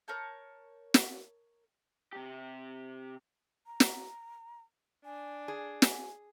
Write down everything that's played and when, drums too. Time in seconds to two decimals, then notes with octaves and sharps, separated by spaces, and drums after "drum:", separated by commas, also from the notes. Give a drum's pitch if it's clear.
0.08 A#4 C#5 A5 G6
0.94 drum: snare
2.13 C3 G4
3.66 A#5
3.80 drum: snare
5.05 D4 G#5
5.48 G#4
5.82 G#5, drum: snare